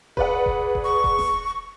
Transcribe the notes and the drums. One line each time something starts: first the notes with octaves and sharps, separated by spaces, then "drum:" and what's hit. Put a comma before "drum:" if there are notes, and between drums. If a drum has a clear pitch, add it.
G#4 B4 D5 F#5, drum: kick E1
drum: kick E1
drum: kick E1
C#6
drum: kick E1
drum: snare F1